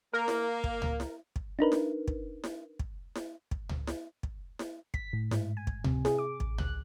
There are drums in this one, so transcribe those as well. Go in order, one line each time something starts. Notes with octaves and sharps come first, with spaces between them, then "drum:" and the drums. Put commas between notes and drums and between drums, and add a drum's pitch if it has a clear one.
A#3 A#4
drum: snare E4
drum: kick
drum: tom C#2
drum: snare E4
drum: kick
D4 D#4 A#4 B4
drum: snare E4
drum: kick
drum: snare E4
drum: kick
drum: snare E4
drum: kick
drum: tom C#2
drum: snare E4
drum: kick
drum: snare E4
B6, drum: kick
A2
G#2, drum: snare E4
G#5
drum: kick
C3, drum: tom C#2
G#4, drum: snare E4
D6
A1, drum: kick
F#6, drum: tom C#2